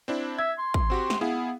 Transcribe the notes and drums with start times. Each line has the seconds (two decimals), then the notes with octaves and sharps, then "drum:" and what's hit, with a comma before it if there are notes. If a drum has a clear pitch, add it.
0.08 C4 D4 E4
0.39 E5 G#6
0.59 C6
0.74 drum: kick
0.90 C4 F#4 G4
1.10 drum: snare
1.21 B3 E4 G#4 F5